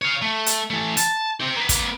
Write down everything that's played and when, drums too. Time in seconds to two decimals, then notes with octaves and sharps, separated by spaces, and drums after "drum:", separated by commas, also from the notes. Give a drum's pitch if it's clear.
0.02 C#5 F5
0.22 A3
0.46 drum: hi-hat
0.70 E3 A3
0.97 A5, drum: hi-hat
1.40 C4 G4
1.56 A#3 B4
1.69 drum: kick, hi-hat